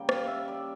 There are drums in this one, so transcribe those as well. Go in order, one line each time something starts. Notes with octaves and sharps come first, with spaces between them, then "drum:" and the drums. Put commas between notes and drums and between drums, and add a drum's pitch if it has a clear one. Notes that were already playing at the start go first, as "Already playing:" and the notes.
Already playing: C#3 G3 A#3 G5
F5, drum: rim click
E5
D5